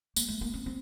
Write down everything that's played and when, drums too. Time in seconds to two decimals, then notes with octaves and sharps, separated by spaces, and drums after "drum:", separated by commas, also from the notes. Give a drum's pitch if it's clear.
0.16 A#3, drum: tambourine
0.28 A3
0.41 A#3
0.54 C4
0.66 C4